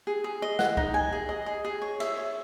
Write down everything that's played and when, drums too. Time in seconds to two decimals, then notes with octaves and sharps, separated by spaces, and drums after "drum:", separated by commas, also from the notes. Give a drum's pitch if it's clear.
0.07 G#4
0.24 G#4
0.42 D#5
0.59 F#5, drum: snare
0.77 D#4, drum: kick
0.94 G#5
1.13 G#4
1.29 D#5
1.46 G#4
1.65 G#4
1.82 C#5
2.00 E5, drum: cymbal
2.17 C#5